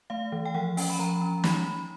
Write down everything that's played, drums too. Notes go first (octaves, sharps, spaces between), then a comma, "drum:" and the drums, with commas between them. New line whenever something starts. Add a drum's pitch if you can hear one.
A3 F5
E3
G5
F3 F#5
C#4 G5, drum: open hi-hat
B5
F3 A#5
C#4
D#4 B5, drum: snare